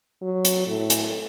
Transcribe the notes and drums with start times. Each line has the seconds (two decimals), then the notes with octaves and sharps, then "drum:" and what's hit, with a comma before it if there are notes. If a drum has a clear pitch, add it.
0.22 F#3
0.45 drum: hi-hat
0.67 A2
0.90 drum: hi-hat